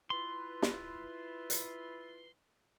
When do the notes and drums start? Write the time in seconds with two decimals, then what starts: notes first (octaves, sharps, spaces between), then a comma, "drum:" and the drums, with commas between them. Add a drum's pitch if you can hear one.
0.10 E4 F4 B4 C6
0.62 drum: snare
1.50 drum: hi-hat